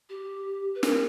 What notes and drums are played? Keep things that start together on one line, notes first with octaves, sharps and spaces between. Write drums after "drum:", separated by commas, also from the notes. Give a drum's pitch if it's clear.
G4
B4
A#4, drum: snare